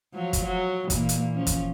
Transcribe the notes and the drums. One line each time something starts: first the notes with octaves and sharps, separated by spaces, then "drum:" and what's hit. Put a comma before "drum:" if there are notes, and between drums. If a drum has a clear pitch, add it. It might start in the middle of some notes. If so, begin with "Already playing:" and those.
F3 F#3
drum: kick, hi-hat
F#3
A#2 E3 A#3, drum: kick, hi-hat
drum: hi-hat
F3 C#4
drum: kick, hi-hat